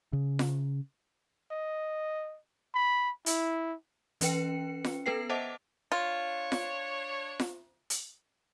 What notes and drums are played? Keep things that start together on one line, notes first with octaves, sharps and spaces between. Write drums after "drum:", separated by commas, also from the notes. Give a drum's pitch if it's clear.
C#3
drum: snare F4
D#5
B5
E4, drum: hi-hat
E3 C#4 B4 G5 C#7, drum: hi-hat
drum: snare F4
B3 A4 B4 G5 C7
C5 D#5 E5 F#5 A5 D6
D4 F4 C#5
drum: snare F4
drum: snare F4
drum: hi-hat